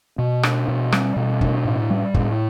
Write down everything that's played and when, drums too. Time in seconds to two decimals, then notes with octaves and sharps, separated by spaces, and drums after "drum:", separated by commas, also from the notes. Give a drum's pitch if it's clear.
0.18 B2
0.43 D4, drum: rim click
0.68 B2
0.92 G3, drum: rim click
1.16 B2
1.41 D4, drum: kick
1.65 A2
1.90 G3
2.14 A2, drum: kick